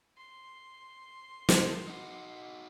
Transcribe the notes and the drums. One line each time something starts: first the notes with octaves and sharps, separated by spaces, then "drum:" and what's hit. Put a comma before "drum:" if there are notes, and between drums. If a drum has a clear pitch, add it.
C6
drum: snare
D#4 F#4